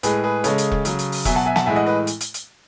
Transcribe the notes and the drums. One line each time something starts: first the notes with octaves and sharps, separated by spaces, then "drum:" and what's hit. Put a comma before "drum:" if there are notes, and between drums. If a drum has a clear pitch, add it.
A2 G#3 G#4 B4, drum: hi-hat
G#4 B4
C#3 G#3 A4 C#5, drum: hi-hat
drum: hi-hat
drum: kick E1
C#3 F#3, drum: hi-hat
drum: hi-hat
drum: open hi-hat
B2 F#3 E5 G#5, drum: kick E1, hi-hat
F#5 A5
E5 G#5
F#5 A5, drum: snare
A2 E3 G#3 E5 G#5
D#5 F#5
B4 D#5
drum: hi-hat
drum: hi-hat
drum: hi-hat